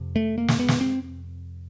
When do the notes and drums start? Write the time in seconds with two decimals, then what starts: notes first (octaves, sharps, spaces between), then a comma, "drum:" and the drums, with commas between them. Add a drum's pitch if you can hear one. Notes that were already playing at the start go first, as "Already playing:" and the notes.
Already playing: F2 C3
0.16 A3
0.38 A#3
0.48 drum: snare
0.59 B3
0.68 drum: snare
0.81 C4